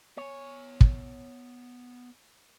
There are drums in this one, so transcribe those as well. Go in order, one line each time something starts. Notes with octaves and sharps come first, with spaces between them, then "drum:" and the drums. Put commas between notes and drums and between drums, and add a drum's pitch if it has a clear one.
B3 C#5 G#5
drum: kick